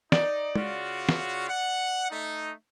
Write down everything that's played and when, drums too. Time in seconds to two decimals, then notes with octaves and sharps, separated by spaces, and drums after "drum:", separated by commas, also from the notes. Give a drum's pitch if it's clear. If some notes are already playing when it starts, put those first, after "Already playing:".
0.12 D#4 D5, drum: snare
0.56 C#3 F4 F#4, drum: tom
1.09 drum: snare
1.49 F#5
2.11 A3 D#4